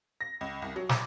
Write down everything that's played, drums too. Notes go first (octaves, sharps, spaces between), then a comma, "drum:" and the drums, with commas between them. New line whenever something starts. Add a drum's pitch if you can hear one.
A#6
C#2
C2
F#3
D6, drum: snare